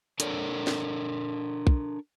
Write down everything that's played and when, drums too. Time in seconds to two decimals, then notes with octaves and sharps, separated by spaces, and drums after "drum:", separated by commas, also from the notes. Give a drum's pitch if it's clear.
0.20 D4 A4 A#4 C#5 D5, drum: hi-hat
0.67 drum: snare
1.67 drum: kick